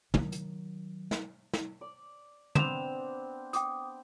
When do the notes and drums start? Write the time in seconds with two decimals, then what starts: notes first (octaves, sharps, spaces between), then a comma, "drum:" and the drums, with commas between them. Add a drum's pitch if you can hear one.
0.14 D#3 F#3, drum: tom
0.32 drum: hi-hat
1.11 drum: snare
1.53 drum: snare
1.81 D5
2.55 B3 C4 D4 E7 F7, drum: tom
3.53 G5 D6 D#6, drum: hi-hat